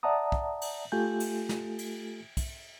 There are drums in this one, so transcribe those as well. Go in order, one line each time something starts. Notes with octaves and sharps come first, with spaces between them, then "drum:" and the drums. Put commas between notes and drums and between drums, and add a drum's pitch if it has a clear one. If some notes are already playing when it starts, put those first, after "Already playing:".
D5 E5 F#5 A5 A#5 D#6
drum: kick
drum: cymbal
A3 F4 G4 A4 G#5 G6
drum: cymbal
drum: snare
drum: cymbal
drum: kick, cymbal